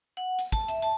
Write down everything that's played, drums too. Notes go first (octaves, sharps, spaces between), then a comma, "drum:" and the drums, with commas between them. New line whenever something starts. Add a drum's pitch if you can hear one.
F#5
drum: hi-hat
A5, drum: kick, hi-hat
E5, drum: hi-hat
A5, drum: hi-hat